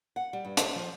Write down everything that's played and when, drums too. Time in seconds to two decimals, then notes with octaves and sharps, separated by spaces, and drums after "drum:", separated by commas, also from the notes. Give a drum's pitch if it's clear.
0.16 F#5
0.33 G3
0.45 G2
0.57 A5, drum: hi-hat
0.76 F3